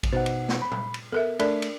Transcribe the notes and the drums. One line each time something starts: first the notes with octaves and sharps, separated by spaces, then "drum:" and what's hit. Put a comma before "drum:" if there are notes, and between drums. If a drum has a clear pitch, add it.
drum: kick A1, cymbal
B2 D#4 C5 F#5
drum: cymbal
drum: snare
B5
drum: tom
drum: cymbal
B3 A4 A#4 E5
A3 D4 A#4 D5, drum: cymbal
drum: cymbal